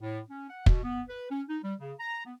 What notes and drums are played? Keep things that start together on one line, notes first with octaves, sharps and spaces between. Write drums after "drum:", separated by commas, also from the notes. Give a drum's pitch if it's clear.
A2
C#4
F#5
B2, drum: kick
B3
B4
C#4
D#4
G3
C#3
A#5
B3